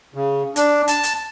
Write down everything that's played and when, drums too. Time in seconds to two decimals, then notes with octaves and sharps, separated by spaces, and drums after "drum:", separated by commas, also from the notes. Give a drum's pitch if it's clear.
0.14 C#3
0.56 D4, drum: hi-hat
0.88 A5, drum: hi-hat
1.03 drum: hi-hat